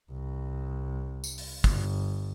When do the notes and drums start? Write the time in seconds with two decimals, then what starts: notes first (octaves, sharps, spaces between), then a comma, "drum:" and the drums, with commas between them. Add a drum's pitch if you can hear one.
0.11 C2
1.24 drum: tambourine
1.38 drum: open hi-hat
1.64 G1, drum: kick